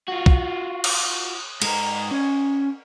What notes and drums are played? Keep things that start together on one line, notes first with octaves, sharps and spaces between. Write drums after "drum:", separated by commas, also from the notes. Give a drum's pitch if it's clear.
F4 F#4
drum: kick
drum: cymbal
G#2 A#5, drum: cymbal
C#4